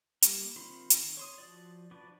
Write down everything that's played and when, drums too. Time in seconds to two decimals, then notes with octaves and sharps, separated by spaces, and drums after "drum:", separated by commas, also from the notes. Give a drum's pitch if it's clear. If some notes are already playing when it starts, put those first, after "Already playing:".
0.22 G3 A#3, drum: hi-hat
0.56 D#3 C4 F4 B5 C6
0.90 drum: hi-hat
1.17 C#5 C6 D#6
1.38 F3 F#4 D5
1.91 F3 D4 F#4 B4 D5